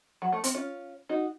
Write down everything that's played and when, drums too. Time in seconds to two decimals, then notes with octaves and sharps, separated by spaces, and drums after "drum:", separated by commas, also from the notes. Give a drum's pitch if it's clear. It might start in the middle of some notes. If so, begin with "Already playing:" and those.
0.22 F#3
0.32 A3
0.44 C4, drum: hi-hat
0.54 C#4 F4
1.09 D#4 F#4